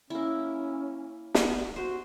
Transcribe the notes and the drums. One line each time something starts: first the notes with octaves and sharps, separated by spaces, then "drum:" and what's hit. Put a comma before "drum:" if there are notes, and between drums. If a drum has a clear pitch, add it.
A#3 C#4 E4
B3, drum: snare
F#4 C5